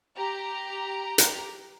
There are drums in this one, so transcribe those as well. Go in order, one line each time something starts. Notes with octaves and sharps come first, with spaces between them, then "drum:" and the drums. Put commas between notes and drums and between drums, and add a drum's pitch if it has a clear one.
G4 A#5
drum: hi-hat